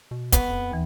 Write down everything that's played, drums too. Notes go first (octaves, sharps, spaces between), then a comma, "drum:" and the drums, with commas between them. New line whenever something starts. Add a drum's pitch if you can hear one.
B2
B3, drum: kick, hi-hat
F2
D#2 E3